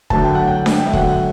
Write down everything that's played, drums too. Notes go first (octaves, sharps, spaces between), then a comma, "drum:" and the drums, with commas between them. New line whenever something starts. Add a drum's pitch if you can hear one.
D3 F#3 A3 A5, drum: kick
G5
F#5
G5
drum: snare D4
E5
D3 F#3 A3 F#5, drum: kick